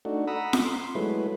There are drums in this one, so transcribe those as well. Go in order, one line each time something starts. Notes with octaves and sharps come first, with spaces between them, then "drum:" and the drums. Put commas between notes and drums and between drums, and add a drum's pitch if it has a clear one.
A3 D4 D#4 F#4
F#5 A#5 B5 D#6 E6
drum: snare F4
C6
F#3 G#3 A3 E4 B4